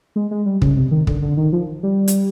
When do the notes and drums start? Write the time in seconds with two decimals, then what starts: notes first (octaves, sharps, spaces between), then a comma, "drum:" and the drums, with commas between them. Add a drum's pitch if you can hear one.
0.16 G#3
0.31 G#3
0.46 G3
0.62 C#3, drum: kick
0.77 C3
0.91 D#3
1.07 D3, drum: kick
1.22 D3
1.37 D#3
1.52 F3
1.83 G3
2.08 drum: hi-hat